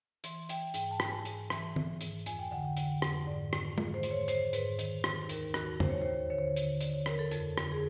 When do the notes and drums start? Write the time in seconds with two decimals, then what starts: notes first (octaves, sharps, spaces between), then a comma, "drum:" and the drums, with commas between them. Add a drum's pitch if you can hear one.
0.24 E3 C6, drum: hi-hat
0.49 E3 G5, drum: hi-hat
0.74 G#2 G5, drum: hi-hat
0.91 A5
1.00 G#2, drum: rim click
1.08 G#5
1.25 G#2, drum: hi-hat
1.50 E3, drum: rim click
1.76 E3, drum: tom D#3
2.01 G#2, drum: hi-hat
2.26 F2 G#5, drum: hi-hat
2.39 G5
2.51 D3 F#5
2.65 G5
2.77 D3, drum: hi-hat
3.02 F2, drum: rim click
3.27 G#2 D5
3.53 D#3, drum: rim click
3.78 G#2, drum: tom
3.94 C5
4.03 G#2, drum: hi-hat
4.11 C#5
4.28 D#3 C5, drum: hi-hat
4.53 G#2 B4, drum: hi-hat
4.79 D#3, drum: hi-hat
5.04 D#3, drum: rim click
5.29 D#2 A#4, drum: hi-hat
5.54 D#3 F#4, drum: rim click
5.80 D#2 C5, drum: tom E2
5.90 C#5
6.02 D#2 C5
6.30 D3 C#5
6.39 C5
6.48 C#5
6.56 D3, drum: hi-hat
6.80 D3 D5, drum: hi-hat
6.94 C#5
7.06 D3 A#4, drum: rim click
7.19 A4
7.31 F2 A4, drum: hi-hat
7.58 D3, drum: rim click
7.72 G#4